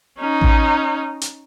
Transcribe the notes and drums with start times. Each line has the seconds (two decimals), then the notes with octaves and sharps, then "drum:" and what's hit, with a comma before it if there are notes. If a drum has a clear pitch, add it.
0.18 C#4 D#4
0.41 drum: kick A1
1.21 drum: hi-hat